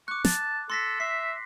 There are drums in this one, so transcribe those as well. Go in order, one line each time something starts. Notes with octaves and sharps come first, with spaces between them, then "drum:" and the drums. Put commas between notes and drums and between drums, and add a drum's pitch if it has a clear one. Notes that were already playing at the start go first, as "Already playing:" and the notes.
C#6 D6 F#6
A5, drum: snare
A4 C6 A#6 B6
E5 C7